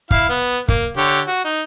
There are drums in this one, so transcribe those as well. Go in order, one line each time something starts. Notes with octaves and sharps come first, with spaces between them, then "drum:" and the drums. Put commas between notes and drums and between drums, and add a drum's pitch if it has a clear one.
E4 F5, drum: kick
B3
A#3, drum: kick
D3 G4 C#5
F#4
D#4